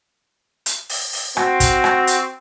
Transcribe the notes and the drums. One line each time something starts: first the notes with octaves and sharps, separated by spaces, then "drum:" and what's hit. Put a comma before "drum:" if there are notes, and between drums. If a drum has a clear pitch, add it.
drum: hi-hat
drum: open hi-hat
drum: open hi-hat
C4 F#4, drum: rim click
drum: kick, hi-hat
drum: rim click
drum: hi-hat